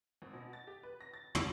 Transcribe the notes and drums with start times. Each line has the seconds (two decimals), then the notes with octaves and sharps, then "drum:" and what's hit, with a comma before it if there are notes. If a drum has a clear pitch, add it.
0.22 G#1
0.33 B2
0.53 A6
0.67 G4
0.83 B4
1.01 A#6
1.14 A6
1.35 C3, drum: tom